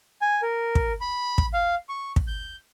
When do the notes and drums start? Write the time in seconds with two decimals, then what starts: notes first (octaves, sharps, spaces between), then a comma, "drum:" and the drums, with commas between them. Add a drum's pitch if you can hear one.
0.21 G#5
0.42 A#4
0.75 drum: kick
1.01 B5
1.38 drum: kick
1.54 F5
1.89 C#6
2.16 drum: kick
2.27 G6